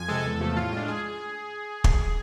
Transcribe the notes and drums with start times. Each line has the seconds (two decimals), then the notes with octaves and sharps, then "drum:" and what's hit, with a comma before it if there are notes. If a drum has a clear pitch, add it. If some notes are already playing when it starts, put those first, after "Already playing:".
Already playing: F2 G#5
0.09 C3 G#3 A4
0.25 E2
0.41 C3 F3 A3
0.57 A2 F4
0.73 G#3 D4 F4
0.88 G#4
1.84 drum: kick